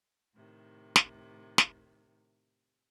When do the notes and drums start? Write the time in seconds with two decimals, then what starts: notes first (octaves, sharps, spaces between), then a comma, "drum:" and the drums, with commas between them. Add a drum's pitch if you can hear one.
0.33 A2 C3 D#3
0.96 drum: snare
1.58 drum: snare